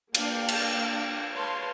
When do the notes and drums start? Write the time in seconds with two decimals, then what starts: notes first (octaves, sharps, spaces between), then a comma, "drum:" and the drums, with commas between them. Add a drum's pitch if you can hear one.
0.15 A#3 D4 F5 G5, drum: cymbal
0.48 drum: cymbal
1.32 B4 C#5 F5 A5 C6